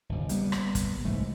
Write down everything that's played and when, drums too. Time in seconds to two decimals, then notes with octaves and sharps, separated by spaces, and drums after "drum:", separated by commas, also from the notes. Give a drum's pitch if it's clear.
0.09 G#1 C#2
0.29 G3 A#3 B3, drum: hi-hat
0.52 drum: rim click
0.75 drum: kick, hi-hat
1.05 C2 G#2 E3 A3